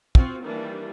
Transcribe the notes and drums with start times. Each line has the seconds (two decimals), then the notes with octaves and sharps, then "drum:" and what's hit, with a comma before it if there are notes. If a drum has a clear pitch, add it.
0.15 C4 F4 F#4, drum: kick
0.44 D#3 E3 G3 A#3 D4